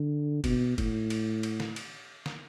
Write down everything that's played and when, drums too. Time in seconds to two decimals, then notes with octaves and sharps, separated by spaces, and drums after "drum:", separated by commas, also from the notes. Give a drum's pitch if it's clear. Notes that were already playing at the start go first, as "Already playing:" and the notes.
Already playing: D3
0.44 B2, drum: kick, cymbal
0.78 A2, drum: kick, cymbal
1.10 drum: cymbal
1.43 drum: cymbal
1.60 drum: snare
1.76 drum: cymbal
2.26 drum: snare